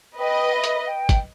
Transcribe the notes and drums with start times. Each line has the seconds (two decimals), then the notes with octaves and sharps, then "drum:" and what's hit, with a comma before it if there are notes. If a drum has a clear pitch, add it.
0.18 B4 D#5 G5
0.53 E5
0.64 drum: hi-hat
0.86 G5
1.09 drum: kick, hi-hat